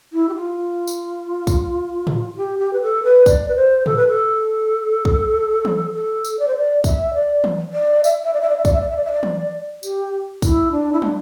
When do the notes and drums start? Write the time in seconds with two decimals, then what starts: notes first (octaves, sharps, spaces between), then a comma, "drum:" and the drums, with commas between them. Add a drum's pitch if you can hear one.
0.13 E4
0.29 G4
0.35 F4
0.87 drum: tambourine
1.47 drum: kick, tambourine
2.07 drum: tom A2
2.37 G4
2.59 G4
2.73 B4
2.82 A4
3.04 B4
3.26 D5, drum: kick, tambourine
3.48 B4
3.56 C5
3.86 A4, drum: tom A2
3.97 B4
4.08 A4
5.05 drum: kick
5.65 drum: tom E3
5.94 A4
6.25 drum: tambourine
6.39 D5
6.48 C5
6.56 D5
6.84 E5, drum: kick, tambourine
7.14 D5
7.44 drum: tom E3
7.73 D5
8.04 E5, drum: tambourine
8.24 E5
8.33 D5
8.41 E5
8.49 D5
8.57 E5
8.65 D5, drum: kick, tambourine
8.73 E5
8.81 D5
8.89 E5
8.97 D5
9.05 E5
9.13 D5
9.23 drum: tom E3
9.83 G4, drum: tambourine
10.42 E4, drum: kick, tambourine
10.72 D4
10.93 E4
11.02 D4, drum: tom